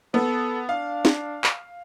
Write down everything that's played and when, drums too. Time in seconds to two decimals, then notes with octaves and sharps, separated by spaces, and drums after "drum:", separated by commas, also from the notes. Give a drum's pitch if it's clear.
0.14 B3 A4
0.69 D4 F5
1.05 drum: snare
1.44 drum: clap